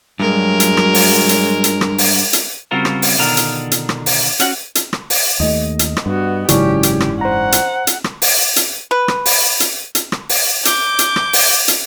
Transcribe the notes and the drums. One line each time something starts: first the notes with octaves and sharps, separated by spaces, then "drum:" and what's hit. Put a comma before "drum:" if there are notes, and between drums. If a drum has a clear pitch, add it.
G2 F#3 G#3 A#4
drum: hi-hat
drum: rim click
drum: open hi-hat
drum: hi-hat
drum: hi-hat
drum: rim click
drum: open hi-hat
drum: hi-hat
C#3 G3 C4 F4 F#4 A#4
drum: rim click
drum: open hi-hat
B2 D3 D#3 D4 F4 A#4
drum: hi-hat
drum: hi-hat
drum: rim click
drum: open hi-hat
C#4 F#4 F#5, drum: hi-hat
drum: hi-hat
drum: rim click
drum: open hi-hat
D#2 A3 D#5
drum: hi-hat
drum: rim click
G2 B3 F#4
F#1 G#2 C#3 E3 F#3 C#4 D4 G4, drum: hi-hat
drum: hi-hat
drum: rim click
C5 F#5 A#5
drum: hi-hat
drum: hi-hat
drum: rim click
drum: open hi-hat
drum: hi-hat
B4
drum: rim click
drum: open hi-hat
drum: hi-hat
drum: hi-hat
drum: rim click
drum: open hi-hat
D6 G6, drum: hi-hat
drum: hi-hat
drum: rim click
drum: open hi-hat
drum: hi-hat